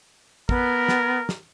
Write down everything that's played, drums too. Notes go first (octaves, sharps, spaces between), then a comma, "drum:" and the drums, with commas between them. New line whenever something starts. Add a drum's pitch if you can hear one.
B3 A#4, drum: kick
drum: snare
drum: snare